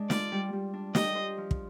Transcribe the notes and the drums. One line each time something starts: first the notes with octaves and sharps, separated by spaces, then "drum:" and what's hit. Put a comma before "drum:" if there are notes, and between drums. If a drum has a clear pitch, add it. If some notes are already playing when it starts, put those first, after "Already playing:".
Already playing: G#3 D4
F4 D5, drum: snare
G3
G3
D4
G4 D#5, drum: snare
C5
F3
drum: kick